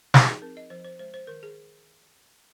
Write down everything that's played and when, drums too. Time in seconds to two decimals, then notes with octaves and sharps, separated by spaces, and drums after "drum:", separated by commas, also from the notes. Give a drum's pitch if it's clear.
0.14 F3 D#4, drum: snare
0.28 G#4
0.42 C4 A#4
0.57 D#5
0.70 F3 C5
0.85 C5
0.99 G#3 C5
1.14 C5
1.27 D#3 A#4
1.43 G#4